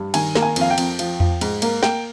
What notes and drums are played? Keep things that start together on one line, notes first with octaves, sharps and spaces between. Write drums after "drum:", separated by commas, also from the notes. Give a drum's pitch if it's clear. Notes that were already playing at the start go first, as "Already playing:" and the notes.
Already playing: G2
D#3 G#5, drum: cymbal
A#3, drum: snare
G#5
F2 F5, drum: cymbal
G5
F2, drum: cymbal
F3, drum: cymbal
F3, drum: tom E2
G#2, drum: cymbal
A#3, drum: cymbal
A#3 G5, drum: snare